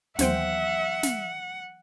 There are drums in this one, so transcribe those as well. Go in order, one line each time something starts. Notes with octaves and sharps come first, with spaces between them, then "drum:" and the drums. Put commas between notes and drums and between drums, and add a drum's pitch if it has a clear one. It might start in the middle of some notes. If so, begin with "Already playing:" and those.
D#2 E3 F#3 B3 C5 E5 F#5 G5, drum: snare
drum: snare